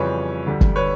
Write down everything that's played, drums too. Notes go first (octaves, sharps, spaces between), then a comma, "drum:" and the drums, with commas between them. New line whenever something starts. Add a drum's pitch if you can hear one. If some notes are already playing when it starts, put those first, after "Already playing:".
Already playing: F2 C#3 E3 G3 B4 C#5
D2 D3 G3
drum: kick
B4 C#5